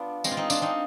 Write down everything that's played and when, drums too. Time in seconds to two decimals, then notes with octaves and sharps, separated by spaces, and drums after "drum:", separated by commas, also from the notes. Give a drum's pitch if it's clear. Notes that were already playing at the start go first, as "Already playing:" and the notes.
Already playing: B3 D4 F4
0.24 G#3 C4, drum: tambourine
0.31 F4
0.37 C4 D#4
0.50 D4 F4, drum: tambourine
0.62 C4 D#4